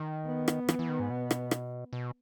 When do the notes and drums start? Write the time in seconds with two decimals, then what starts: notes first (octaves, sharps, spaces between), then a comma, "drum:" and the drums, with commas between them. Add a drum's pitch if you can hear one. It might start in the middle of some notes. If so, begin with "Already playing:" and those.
Already playing: D#3
0.27 B3
0.48 drum: rim click
0.69 E3, drum: rim click
0.79 E3
0.89 D#3
1.00 G#2
1.10 B2
1.31 drum: rim click
1.51 drum: rim click
1.93 B2